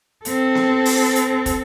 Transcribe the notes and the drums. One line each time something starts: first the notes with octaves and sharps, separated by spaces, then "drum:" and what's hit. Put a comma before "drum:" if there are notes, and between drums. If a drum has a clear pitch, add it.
C4 A4, drum: hi-hat
drum: snare B3
drum: open hi-hat
drum: hi-hat
drum: kick, hi-hat